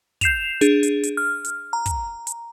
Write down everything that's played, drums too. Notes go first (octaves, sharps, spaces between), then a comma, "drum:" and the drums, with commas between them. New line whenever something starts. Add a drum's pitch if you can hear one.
G6 C7 E7 F7, drum: kick, hi-hat
D4 G#4, drum: hi-hat
drum: hi-hat
drum: hi-hat
F6
drum: hi-hat
A#5
drum: kick, hi-hat
drum: hi-hat